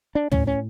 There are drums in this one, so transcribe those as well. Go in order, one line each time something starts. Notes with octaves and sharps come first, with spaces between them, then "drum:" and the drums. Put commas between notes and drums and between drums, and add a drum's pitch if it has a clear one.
D4
A2 C#4, drum: tom
C#4